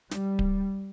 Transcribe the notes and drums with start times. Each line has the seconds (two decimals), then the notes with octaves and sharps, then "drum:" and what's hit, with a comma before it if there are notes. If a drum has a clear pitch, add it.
0.11 G3, drum: snare
0.39 drum: kick D1